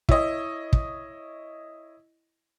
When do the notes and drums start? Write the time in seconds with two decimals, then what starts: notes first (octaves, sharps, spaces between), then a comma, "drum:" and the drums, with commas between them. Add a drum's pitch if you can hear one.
0.09 E4 C#5 D#5, drum: kick
0.73 drum: kick